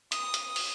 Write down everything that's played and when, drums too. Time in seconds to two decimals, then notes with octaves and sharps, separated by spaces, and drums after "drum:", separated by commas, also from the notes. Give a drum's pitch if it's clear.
0.12 D#6, drum: hi-hat
0.34 drum: hi-hat
0.56 drum: open hi-hat